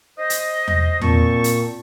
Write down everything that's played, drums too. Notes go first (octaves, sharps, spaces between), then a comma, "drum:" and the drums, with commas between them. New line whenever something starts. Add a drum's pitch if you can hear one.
C5 D#5
drum: hi-hat
drum: tom E2
A#2 C4 A5 C#6, drum: tom E2
drum: hi-hat